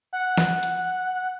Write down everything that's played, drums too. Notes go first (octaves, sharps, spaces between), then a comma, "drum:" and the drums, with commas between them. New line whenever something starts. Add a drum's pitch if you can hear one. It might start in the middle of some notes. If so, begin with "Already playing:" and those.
F#5
drum: snare
drum: hi-hat